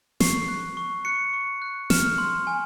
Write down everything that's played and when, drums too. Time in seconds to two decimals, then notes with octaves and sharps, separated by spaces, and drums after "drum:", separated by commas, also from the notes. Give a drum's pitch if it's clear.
0.20 C#6 C7, drum: snare
0.48 F#6
0.77 C#6
1.05 F#6 C#7
1.33 C#6
1.62 F#6
1.90 F6 E7, drum: snare
2.18 C6
2.47 G#5